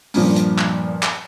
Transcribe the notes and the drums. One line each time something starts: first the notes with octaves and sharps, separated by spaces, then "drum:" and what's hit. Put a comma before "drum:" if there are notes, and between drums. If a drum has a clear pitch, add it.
G2 A#2 F3, drum: open hi-hat
drum: hi-hat
drum: clap
drum: clap